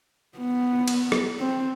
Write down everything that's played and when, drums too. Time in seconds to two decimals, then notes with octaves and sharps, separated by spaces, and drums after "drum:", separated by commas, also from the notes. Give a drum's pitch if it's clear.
0.38 B3
0.88 drum: cymbal
1.12 drum: rim click
1.39 C4